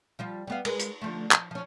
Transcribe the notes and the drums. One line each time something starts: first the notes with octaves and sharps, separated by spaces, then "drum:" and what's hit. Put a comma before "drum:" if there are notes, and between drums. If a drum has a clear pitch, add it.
F3 G3 F4
G3 B3 F5
G#3 A#4 B4, drum: cymbal
drum: hi-hat
D3 F3 A3
F3, drum: clap
F3 C#4